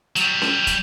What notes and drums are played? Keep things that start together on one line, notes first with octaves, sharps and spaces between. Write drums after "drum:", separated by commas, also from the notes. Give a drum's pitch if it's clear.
F#3 G3, drum: hi-hat
drum: snare C#4
drum: kick, hi-hat